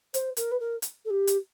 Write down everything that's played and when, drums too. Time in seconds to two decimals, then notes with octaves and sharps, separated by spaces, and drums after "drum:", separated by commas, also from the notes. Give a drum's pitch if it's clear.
0.14 C5, drum: hi-hat
0.37 A#4, drum: hi-hat
0.51 B4
0.60 A#4
0.82 drum: hi-hat
1.05 A4
1.10 G4
1.27 drum: hi-hat